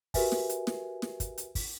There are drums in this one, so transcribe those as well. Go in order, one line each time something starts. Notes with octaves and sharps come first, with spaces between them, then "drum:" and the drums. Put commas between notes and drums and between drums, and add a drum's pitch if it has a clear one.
F#4 G4 A#4 B4 E5 G#5, drum: kick, open hi-hat
drum: snare
drum: hi-hat
drum: snare
drum: snare
drum: kick, hi-hat
drum: hi-hat
drum: kick, open hi-hat